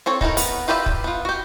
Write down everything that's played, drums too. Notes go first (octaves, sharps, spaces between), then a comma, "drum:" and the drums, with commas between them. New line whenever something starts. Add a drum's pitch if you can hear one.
C4 A4 C#5
D#4 E4 A4 A#4, drum: kick
B3, drum: open hi-hat
F4 G4 B4 D5 E5
drum: kick
B3 F4
F#4 G4